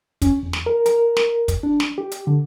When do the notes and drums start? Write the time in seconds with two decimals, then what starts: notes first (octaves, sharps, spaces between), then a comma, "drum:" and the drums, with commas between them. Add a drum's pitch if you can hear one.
0.22 C#4, drum: kick, hi-hat
0.43 E2
0.53 drum: snare
0.66 A#4
0.86 A#4, drum: hi-hat
1.17 drum: snare
1.48 drum: kick, hi-hat
1.63 D4
1.80 drum: snare
1.98 G4
2.12 drum: hi-hat
2.27 D3